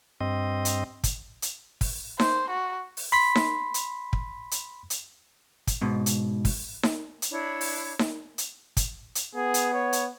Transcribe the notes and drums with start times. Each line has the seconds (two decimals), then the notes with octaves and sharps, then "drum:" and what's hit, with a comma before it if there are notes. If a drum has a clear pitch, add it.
0.20 G2 C4 D#5
0.65 drum: hi-hat
1.04 drum: kick, hi-hat
1.42 drum: hi-hat
1.81 drum: kick, open hi-hat
2.20 C5, drum: snare D#4
2.51 F#4
2.97 drum: open hi-hat
3.12 B5 C6 B6
3.35 drum: snare D#4
3.74 drum: hi-hat
4.13 drum: kick
4.51 drum: hi-hat
4.90 drum: hi-hat
5.67 drum: kick, hi-hat
5.81 G#2 B2
6.06 drum: hi-hat
6.45 drum: kick, open hi-hat
6.83 drum: snare D#4
7.22 drum: hi-hat
7.31 D4 E4 C#5 B5
7.61 drum: open hi-hat
7.99 drum: snare D#4
8.38 drum: hi-hat
8.77 drum: kick, hi-hat
9.15 drum: hi-hat
9.35 B3 G#4
9.54 drum: hi-hat
9.74 C#5
9.93 drum: hi-hat